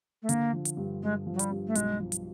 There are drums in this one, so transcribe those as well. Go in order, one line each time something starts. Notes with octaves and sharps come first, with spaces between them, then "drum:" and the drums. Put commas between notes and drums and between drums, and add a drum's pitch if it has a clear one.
A3
D3 A#3, drum: hi-hat
F3
drum: hi-hat
G2
G2 G#3
F3
F#3
G3, drum: hi-hat
G2
A3
B1 G#3, drum: hi-hat
F3
drum: hi-hat